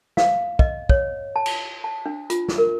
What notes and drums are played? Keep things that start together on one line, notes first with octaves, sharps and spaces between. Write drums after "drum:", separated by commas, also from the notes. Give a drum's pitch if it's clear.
F5, drum: snare
D#5, drum: kick
C#5, drum: kick
A5
drum: cymbal
A5
D4
F4, drum: hi-hat
drum: snare
A#4